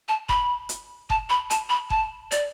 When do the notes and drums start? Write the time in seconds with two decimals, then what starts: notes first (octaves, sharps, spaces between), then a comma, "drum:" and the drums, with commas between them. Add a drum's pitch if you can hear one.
0.08 A5
0.29 B5, drum: kick F#1
0.69 drum: hi-hat
1.10 A5, drum: kick F#1
1.30 B5
1.50 A5, drum: hi-hat
1.70 B5
1.90 A5, drum: kick F#1
2.31 D5, drum: hi-hat